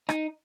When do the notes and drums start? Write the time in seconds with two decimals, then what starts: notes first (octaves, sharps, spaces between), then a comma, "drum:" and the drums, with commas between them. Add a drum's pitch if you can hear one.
0.09 D#4, drum: rim click